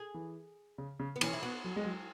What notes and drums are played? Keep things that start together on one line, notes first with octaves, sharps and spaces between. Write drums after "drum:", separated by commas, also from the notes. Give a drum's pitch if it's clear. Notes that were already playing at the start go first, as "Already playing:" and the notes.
Already playing: G#4
E3
C#3
C#3
B3
E3, drum: cymbal
C#4
E4
B3 F#4
F#3
G#3
F#3